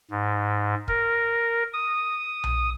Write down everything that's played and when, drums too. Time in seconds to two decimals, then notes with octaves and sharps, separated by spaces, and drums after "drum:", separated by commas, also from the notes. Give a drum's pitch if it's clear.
0.11 G#2
0.88 A#4, drum: kick
1.73 D#6
2.44 drum: tom B1